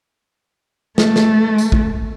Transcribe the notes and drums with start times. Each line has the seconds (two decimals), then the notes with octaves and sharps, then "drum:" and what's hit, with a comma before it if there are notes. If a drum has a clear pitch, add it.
0.98 A3, drum: snare
1.16 drum: snare
1.58 drum: tambourine
1.72 drum: kick